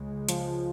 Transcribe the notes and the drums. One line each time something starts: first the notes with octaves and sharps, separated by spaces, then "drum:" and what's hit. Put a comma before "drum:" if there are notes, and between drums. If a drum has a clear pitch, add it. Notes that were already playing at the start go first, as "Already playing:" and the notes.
Already playing: C#2 C#3 G#3
F3, drum: hi-hat